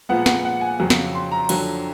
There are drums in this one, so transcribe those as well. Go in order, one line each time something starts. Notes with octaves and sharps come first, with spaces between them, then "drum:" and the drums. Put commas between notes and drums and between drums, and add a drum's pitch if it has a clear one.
A#2 F3 G#3 B3 F#5
F#5, drum: snare
F#5
G#5
F2 C#3 F#3
drum: snare
C6
A#5
F2 D3 F#3, drum: cymbal